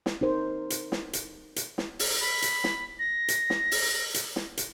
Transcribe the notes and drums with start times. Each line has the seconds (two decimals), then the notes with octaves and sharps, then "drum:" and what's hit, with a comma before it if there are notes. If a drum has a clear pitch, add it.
0.06 drum: snare
0.21 D#4 A#4 C5
0.70 drum: hi-hat
0.92 drum: snare
1.13 drum: hi-hat
1.56 drum: hi-hat
1.78 drum: snare
1.99 drum: open hi-hat
2.21 B5
2.42 drum: hi-hat
2.64 drum: snare
2.99 A#6
3.28 drum: hi-hat
3.50 drum: snare
3.71 drum: open hi-hat
4.14 drum: hi-hat
4.36 drum: snare
4.57 drum: hi-hat